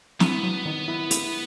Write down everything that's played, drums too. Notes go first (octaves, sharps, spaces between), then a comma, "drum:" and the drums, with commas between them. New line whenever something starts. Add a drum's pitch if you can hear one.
B3 E4, drum: snare
F#3
D#3
E4
E4, drum: hi-hat